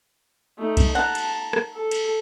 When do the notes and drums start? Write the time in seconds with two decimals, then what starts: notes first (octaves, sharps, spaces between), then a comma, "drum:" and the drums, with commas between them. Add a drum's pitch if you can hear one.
0.58 A3 D#4
0.77 drum: kick B1, cymbal
0.95 F#5 A5 A#5
1.15 drum: cymbal
1.53 drum: rim click
1.74 A4
1.91 drum: cymbal